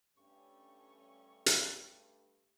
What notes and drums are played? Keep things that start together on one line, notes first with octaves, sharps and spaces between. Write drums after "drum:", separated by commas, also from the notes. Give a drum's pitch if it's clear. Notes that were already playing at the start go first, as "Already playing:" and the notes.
G2 A3 C#4 C#6
drum: hi-hat